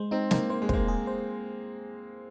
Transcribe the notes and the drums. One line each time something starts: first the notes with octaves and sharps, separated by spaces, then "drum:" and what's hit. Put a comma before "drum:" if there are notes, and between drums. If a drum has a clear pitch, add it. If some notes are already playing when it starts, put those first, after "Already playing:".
Already playing: G#3 C5
C4 D#4
A#3 D#4, drum: snare
A#3 C5
G#3
A#3 C5, drum: kick
G#4
C5